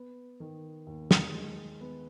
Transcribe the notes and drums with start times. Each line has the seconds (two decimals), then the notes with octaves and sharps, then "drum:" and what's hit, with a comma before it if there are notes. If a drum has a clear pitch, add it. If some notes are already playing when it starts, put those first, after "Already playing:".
Already playing: B3
0.40 D#3
0.87 D#2
1.11 drum: snare
1.34 G#3
1.81 B3